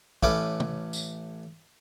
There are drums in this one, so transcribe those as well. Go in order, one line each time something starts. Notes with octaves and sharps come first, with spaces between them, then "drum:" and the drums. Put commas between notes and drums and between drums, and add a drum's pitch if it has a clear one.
A1 A3 C#4 B4 D6, drum: kick
drum: tom
drum: tambourine